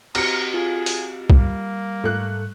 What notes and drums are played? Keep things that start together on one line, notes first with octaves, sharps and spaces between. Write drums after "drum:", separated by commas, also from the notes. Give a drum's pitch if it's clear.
C4 F#4 G4 A#5 F6 C#7, drum: cymbal
F4 G#4
drum: open hi-hat
G3 A#3, drum: kick
G#2 A3 F#6